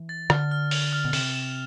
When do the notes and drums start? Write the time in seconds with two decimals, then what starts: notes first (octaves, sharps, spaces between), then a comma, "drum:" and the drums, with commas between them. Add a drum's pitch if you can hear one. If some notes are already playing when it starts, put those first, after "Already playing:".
Already playing: E3
0.09 A6
0.30 D3 F6, drum: rim click
0.51 F6
0.71 F7, drum: open hi-hat
0.93 F6
1.05 B2
1.13 C3 E7, drum: open hi-hat
1.34 E7